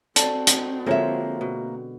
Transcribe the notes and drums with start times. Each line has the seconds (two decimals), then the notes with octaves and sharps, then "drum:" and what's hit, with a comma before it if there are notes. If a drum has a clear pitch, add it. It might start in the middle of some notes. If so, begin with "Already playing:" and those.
0.16 C4 F#4 A4 D5 A5, drum: hi-hat
0.47 D#4, drum: hi-hat
0.86 D3 F3 G#3 A#3 C#5 E5
1.41 B2